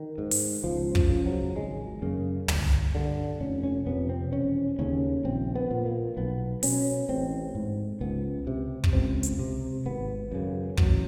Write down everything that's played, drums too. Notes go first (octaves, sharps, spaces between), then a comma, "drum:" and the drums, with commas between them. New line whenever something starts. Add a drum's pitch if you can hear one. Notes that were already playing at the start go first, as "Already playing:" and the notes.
Already playing: D#3
G#2
drum: open hi-hat
C#2 F3
F3, drum: kick
C#3
F#3
G#1 G#3
F#2 C#3 A#3
G1, drum: tom
G2 D3
F1 C#4
C#4
F2 C3 B3
C4
E1 C#4
D#2 C#3 C#4
A#1 C4
B3
A#2
A#3
B1 B3
B2 C#4, drum: open hi-hat
A1 C4
G#2
C#2 B3
C3
drum: kick
C#2 C4
drum: hi-hat
C3
G#1 B3
F#2 C#3
A1 F#3, drum: kick